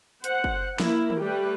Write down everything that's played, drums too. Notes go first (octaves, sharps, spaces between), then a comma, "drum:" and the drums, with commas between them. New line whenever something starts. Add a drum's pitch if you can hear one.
C5 F#5, drum: hi-hat
drum: kick
A#3 E4 A#4, drum: snare
drum: tom D#3
G3 A3 G4 B4